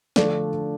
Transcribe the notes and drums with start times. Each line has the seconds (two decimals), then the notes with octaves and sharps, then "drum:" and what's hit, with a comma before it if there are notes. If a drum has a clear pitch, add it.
0.16 D3 F3 A3 D4 D5, drum: snare